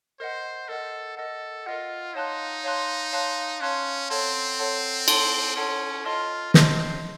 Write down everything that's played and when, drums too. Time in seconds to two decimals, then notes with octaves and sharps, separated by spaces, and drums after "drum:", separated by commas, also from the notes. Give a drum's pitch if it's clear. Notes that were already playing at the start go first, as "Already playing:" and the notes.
0.20 A#4 C5 D#5 F#5
0.68 A4 A#4 D#5 F#5
1.17 A4 A#4 D#5 F#5
1.66 F4 A#4 D#5 F#5
2.15 D#4 C#5 F5 A5 C6 F#6
2.64 C#5 F5 A5 C6 F#6
3.12 C#5 F5 A5 C6 F#6
3.61 C#4 C#5 F5 A5 C6 F#6
4.10 C4 A4 C#5 F#5 A5 C6
4.59 A4 C#5 F#5 A5 C6
5.08 A4 C#5 F#5 A5 C6, drum: cymbal
5.56 C#4 A4 C#5 F#5 A5 C6
6.05 F4 D#5 A5 C6 F6
6.54 C4 D#5 A5 C6 F6, drum: snare